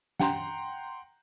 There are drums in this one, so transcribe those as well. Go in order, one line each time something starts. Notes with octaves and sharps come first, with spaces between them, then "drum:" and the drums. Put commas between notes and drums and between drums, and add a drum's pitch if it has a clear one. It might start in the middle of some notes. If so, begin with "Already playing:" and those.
F#5 G5 A#5 C6, drum: snare